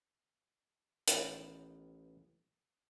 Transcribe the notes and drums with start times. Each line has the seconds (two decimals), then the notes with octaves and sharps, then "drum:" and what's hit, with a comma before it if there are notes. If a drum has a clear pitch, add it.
1.08 A1 D#3 B3, drum: hi-hat